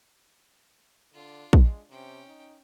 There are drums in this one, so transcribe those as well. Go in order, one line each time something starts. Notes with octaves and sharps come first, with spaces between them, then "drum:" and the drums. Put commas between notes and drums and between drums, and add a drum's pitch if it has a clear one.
D3 D4 F4
G#3, drum: kick A#1
C3 C#4 G5
D#4